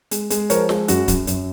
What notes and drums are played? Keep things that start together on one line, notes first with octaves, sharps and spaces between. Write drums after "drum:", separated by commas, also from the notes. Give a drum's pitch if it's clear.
G#3, drum: hi-hat
G#3, drum: hi-hat
F3 A#4 C#5, drum: hi-hat
G#3, drum: snare
F#2 F#4, drum: hi-hat
F#2, drum: kick C#1, hi-hat
F#2, drum: hi-hat